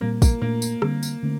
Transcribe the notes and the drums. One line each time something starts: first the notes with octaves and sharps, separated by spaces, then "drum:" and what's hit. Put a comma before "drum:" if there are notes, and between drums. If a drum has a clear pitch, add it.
A#2 G3 A#3 C4
A#3, drum: kick, tambourine
A#2 A3 A#3 D4
drum: tambourine
D3 G3 C4, drum: rim click
drum: tambourine
D3 A3 C4